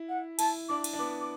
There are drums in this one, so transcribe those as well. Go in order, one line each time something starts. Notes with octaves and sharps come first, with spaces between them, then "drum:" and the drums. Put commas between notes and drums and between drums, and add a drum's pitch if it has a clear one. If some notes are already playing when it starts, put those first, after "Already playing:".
Already playing: E4
F#5
E4 A5, drum: cymbal
D4 D6
drum: cymbal
D4
B3 D6
D6